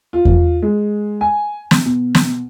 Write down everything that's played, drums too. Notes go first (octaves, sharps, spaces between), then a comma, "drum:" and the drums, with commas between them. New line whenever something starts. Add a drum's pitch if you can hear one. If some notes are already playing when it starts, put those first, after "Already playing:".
F4
drum: kick E2
G#3
G#5
drum: snare
B2
drum: snare